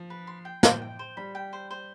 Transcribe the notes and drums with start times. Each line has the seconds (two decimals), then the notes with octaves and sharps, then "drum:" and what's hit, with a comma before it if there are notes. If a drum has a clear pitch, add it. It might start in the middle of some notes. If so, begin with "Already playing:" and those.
Already playing: F3
0.10 B4
0.27 C6
0.45 G5
0.63 C5, drum: snare
0.82 G5
0.99 C5
1.17 G3 B5
1.35 G5
1.53 C5
1.71 C5